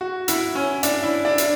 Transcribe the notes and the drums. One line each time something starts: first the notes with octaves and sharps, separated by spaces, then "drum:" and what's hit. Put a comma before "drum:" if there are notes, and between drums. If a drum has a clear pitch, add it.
F#4
E4, drum: hi-hat
C#4
D4, drum: hi-hat
E4
D4
drum: hi-hat